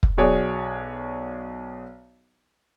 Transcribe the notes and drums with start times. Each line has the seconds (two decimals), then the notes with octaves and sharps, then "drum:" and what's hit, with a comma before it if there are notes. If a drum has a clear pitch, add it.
0.03 drum: kick
0.18 B1 F#4 G#4 C#5 D5